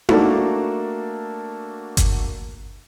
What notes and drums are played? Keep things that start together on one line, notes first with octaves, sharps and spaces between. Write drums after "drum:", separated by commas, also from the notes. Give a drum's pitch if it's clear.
A3 A#3 D4 F#4 A4, drum: tom D#4
drum: kick G1, hi-hat